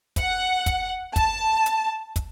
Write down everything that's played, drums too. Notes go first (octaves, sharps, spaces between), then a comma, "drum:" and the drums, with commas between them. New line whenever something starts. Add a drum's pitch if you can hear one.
F#5, drum: kick, hi-hat
drum: kick, hi-hat
A5, drum: kick, hi-hat
drum: hi-hat
drum: kick, hi-hat